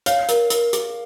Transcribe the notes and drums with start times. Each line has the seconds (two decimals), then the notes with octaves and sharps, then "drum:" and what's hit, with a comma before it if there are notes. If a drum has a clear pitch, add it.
0.06 C#5 F5, drum: hi-hat
0.29 A#4, drum: hi-hat
0.50 A#4, drum: hi-hat
0.73 G#4, drum: hi-hat